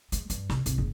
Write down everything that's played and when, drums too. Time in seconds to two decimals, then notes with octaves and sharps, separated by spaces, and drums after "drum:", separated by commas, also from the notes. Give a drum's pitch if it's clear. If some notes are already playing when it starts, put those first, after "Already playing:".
0.12 G#3, drum: hi-hat
0.30 G2, drum: hi-hat
0.50 C2, drum: snare
0.66 C2, drum: hi-hat
0.78 F#1